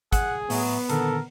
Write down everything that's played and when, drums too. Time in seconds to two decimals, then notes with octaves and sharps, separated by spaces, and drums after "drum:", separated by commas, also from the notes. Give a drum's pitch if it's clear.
0.13 G#4 F#5, drum: kick, hi-hat
0.50 A2 F#3 B3 E5 D#6, drum: open hi-hat
0.89 A#2 D3 D#3 A4 A#4, drum: hi-hat